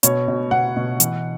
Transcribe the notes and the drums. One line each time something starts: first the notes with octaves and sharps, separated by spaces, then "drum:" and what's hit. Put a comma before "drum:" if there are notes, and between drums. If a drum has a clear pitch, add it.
B2 C#5, drum: hi-hat
B2
B2 F#5
B2
E3, drum: hi-hat